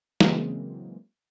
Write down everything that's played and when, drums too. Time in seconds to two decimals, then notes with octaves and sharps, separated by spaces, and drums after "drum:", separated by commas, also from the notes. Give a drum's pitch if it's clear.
0.20 C#3 E3 F#3 G#3 A#3 C4, drum: snare